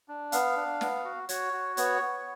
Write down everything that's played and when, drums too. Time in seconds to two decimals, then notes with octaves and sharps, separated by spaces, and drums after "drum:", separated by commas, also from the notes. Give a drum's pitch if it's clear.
0.08 D4
0.32 B3 F5, drum: hi-hat
0.56 D4
0.81 B3, drum: snare
1.05 F#4
1.29 F#4 C#5, drum: hi-hat
1.53 F#4
1.77 B3 C#5, drum: hi-hat
2.02 B3